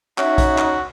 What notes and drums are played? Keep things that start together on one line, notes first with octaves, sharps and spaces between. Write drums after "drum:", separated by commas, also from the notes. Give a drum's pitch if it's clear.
C#4 D#4 F#4 C#5 E5, drum: clap
drum: kick A#1, hi-hat
drum: clap